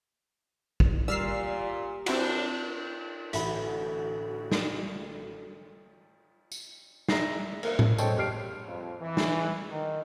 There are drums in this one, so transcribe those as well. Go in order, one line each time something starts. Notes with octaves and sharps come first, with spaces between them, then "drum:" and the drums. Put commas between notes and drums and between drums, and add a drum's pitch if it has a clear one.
drum: kick
A#2 G3 E6 F6 C7
F#2 C4 D4 E4 F#4, drum: cymbal
A1 D3 F#4 E5 B5, drum: hi-hat
drum: snare
drum: tambourine
E5 A#5 A#6 C7, drum: snare
A#3 A#4 E5, drum: cymbal
drum: tom A2
A4 C5 C#5 D#5 G5, drum: tambourine
G1 G4 C#5 F6 C7 D7
F2
E3
drum: snare
D#3